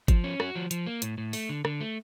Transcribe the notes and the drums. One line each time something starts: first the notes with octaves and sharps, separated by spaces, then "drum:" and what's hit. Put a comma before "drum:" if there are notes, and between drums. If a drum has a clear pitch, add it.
F3, drum: kick G1, hi-hat
C#4
F#4, drum: rim click
F3
F3, drum: hi-hat
A#3
A2, drum: hi-hat
A2
A3, drum: open hi-hat
D3
D3, drum: rim click
A3